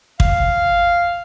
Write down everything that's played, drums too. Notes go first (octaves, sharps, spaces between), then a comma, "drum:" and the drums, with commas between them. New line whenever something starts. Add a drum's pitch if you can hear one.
F5, drum: kick